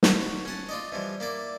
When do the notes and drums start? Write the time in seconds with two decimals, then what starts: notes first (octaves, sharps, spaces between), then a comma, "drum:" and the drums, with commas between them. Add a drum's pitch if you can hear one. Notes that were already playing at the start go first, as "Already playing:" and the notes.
0.03 drum: snare
0.21 F#4
0.45 C#4 F#5 A5
0.69 F4 D5 D#5
0.92 E3 F3 G3
1.20 A#3 E4 D5